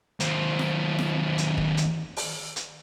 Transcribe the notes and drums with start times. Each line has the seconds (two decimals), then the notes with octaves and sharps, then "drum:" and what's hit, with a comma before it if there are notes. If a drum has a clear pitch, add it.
0.20 D#2 C4, drum: hi-hat
0.59 drum: snare
0.99 drum: snare
1.38 drum: hi-hat
1.58 drum: kick G1
1.77 drum: hi-hat
2.17 drum: open hi-hat
2.56 drum: hi-hat